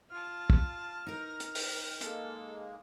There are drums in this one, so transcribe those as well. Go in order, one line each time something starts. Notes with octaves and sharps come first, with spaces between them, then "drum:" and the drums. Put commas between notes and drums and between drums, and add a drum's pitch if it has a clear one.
F4 A5 F6
drum: kick
D#4 A#4 A#5
drum: hi-hat
drum: open hi-hat
G#3 A#3 A4, drum: hi-hat